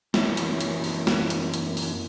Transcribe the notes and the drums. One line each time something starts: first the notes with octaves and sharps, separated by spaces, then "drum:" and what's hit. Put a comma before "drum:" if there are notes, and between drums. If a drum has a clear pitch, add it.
F#2 E3 F#3 A#3 E4 C#5, drum: snare
drum: hi-hat
drum: hi-hat
drum: open hi-hat
drum: snare
drum: hi-hat
drum: hi-hat
drum: open hi-hat